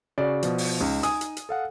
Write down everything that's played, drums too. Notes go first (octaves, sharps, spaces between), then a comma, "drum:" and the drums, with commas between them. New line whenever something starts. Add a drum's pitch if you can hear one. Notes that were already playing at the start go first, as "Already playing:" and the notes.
C#3 F#4 D5
B2 F3, drum: hi-hat
drum: open hi-hat
C#2 D#4
G#5 D#6, drum: hi-hat
drum: hi-hat
drum: hi-hat
A4 F5 F#5